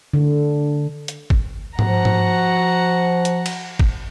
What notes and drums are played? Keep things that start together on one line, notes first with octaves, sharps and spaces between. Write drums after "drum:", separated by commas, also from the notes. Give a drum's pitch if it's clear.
D3
drum: hi-hat
drum: kick
F3 F#4 F#5 A#5, drum: tom G#2
drum: tom G#2
drum: hi-hat
drum: cymbal
drum: kick